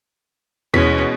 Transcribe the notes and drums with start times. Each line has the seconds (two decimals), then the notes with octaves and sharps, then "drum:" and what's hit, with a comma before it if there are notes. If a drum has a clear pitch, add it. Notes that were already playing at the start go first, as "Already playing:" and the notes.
0.74 B2 E3 G#3 C#4 B6, drum: tom D#2